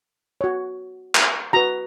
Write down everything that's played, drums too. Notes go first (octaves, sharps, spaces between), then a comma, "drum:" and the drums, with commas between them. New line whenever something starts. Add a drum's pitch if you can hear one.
F#4 C#5
drum: clap
F#4 B4 A#5